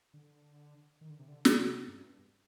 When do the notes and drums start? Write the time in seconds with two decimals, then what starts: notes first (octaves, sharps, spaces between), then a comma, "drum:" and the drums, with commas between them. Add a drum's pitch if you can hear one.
0.14 D3
1.01 D#3
1.10 D3
1.19 C3
1.28 D3
1.45 C3, drum: snare
1.88 G2